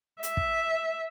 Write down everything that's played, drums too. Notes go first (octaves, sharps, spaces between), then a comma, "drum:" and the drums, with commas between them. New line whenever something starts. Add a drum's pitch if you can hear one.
E5, drum: hi-hat
drum: kick